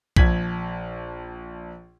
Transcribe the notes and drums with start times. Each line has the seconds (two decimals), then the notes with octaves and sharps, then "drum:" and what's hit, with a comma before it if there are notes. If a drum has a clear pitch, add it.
0.17 A#1 G#6 B6 F#7, drum: kick